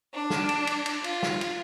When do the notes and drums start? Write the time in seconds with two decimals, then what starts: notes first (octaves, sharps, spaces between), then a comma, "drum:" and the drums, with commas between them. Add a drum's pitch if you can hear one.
0.13 D4
0.30 drum: snare
0.49 drum: cymbal
0.67 drum: cymbal
0.86 drum: cymbal
1.04 F4, drum: cymbal
1.23 drum: snare
1.41 drum: cymbal